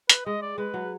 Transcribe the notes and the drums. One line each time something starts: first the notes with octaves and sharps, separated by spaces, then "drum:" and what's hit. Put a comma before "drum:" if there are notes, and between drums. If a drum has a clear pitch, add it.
B4, drum: hi-hat
G#3 D#5
D5
G#3 B4
F#3